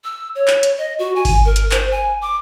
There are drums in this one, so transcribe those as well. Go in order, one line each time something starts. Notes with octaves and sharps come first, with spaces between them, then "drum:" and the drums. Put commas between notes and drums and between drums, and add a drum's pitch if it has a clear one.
E6
C#5
drum: clap
drum: hi-hat
D#5
F#4
G#5
drum: kick G#1, open hi-hat
A#4
drum: hi-hat
C5, drum: clap
G#5
D6